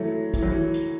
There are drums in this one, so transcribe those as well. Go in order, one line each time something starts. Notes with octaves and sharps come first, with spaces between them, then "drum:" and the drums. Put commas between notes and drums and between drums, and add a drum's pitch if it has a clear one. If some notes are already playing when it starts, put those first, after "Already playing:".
Already playing: E3 F#3 A3
E3, drum: kick, hi-hat
F#3
E3
drum: hi-hat